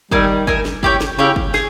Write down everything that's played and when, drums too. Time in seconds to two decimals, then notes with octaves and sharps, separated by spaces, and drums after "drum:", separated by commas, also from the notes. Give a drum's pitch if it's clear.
0.12 D#3 G3 D#4 A#4 E5 G#5, drum: kick
0.47 D#4 A#4 E5 G#5, drum: kick
0.65 drum: snare
0.83 E4 G4 C#5 G5, drum: kick
1.01 drum: snare
1.19 C#3 E4 G4 C#5 G5
1.36 drum: kick
1.54 G#4, drum: snare